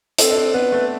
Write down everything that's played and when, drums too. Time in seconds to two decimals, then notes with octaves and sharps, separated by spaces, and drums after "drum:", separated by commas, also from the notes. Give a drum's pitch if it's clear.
0.18 C4 A4, drum: hi-hat
0.30 D4
0.37 C4
0.54 B3 B4
0.72 A3